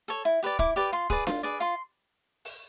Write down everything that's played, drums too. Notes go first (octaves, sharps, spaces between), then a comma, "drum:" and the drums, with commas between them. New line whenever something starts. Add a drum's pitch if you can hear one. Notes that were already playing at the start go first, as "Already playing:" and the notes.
A4 C#5
E4
G4 B4 D5
E4 D6, drum: kick
G4 B4 D5
F4 C6
G#4 B4 D5, drum: kick
F4, drum: snare D4
G#4 B4 D5
F4 C6
drum: open hi-hat